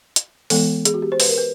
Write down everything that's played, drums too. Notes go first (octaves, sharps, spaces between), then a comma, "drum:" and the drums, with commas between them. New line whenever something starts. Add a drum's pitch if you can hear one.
drum: hi-hat
E3 G#3 B3 A4, drum: open hi-hat
G#4, drum: hi-hat
F#4
G4
C5
B4, drum: open hi-hat
A#4
B4